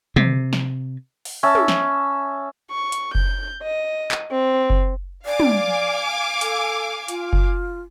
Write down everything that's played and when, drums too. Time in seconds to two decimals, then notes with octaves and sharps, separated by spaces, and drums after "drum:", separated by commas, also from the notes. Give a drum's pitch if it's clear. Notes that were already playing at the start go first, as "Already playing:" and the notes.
0.16 C3, drum: tom
0.53 drum: snare
1.25 drum: open hi-hat
1.43 C#4 E5 A5 E6
1.55 drum: tom
1.68 drum: snare
2.71 C#6
2.92 drum: hi-hat
3.15 G6, drum: kick F#1
3.62 D#5
4.11 drum: clap
4.32 C4
4.70 drum: kick F#1
5.26 D5 F5 G#5 D6
5.40 drum: tom
6.41 A4, drum: hi-hat
7.08 F4, drum: hi-hat
7.33 drum: kick F#1